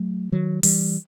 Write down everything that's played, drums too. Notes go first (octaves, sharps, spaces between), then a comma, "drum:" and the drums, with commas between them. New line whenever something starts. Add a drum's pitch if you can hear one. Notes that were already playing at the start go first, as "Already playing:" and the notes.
Already playing: F#3 A3
D#3 F#3
E3 G3, drum: open hi-hat